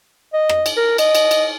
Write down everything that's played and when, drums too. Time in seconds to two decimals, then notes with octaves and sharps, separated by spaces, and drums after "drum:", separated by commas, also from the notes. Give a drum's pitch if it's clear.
0.33 D#5
0.49 drum: rim click
0.66 drum: cymbal
0.76 A#4
0.98 D#5, drum: cymbal
1.15 drum: cymbal
1.31 drum: cymbal